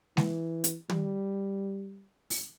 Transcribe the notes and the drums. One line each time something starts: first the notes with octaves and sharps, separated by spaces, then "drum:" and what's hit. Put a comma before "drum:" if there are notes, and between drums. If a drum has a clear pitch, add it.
E3, drum: snare G#3
drum: hi-hat
G3, drum: tom
drum: open hi-hat